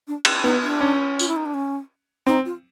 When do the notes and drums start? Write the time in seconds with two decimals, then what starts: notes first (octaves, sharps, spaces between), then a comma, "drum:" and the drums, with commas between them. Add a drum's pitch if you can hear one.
0.08 D4
0.25 drum: cymbal
0.44 B3 D#4
0.63 D4
0.81 C#4
1.19 F4, drum: tambourine
1.28 E4
1.36 D#4
1.46 D4
1.54 C#4
2.27 C4 D#4
2.45 F4